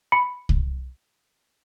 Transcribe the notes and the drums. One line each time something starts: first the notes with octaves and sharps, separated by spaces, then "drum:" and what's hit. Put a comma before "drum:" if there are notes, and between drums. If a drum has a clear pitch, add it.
B5 C#7
drum: kick C2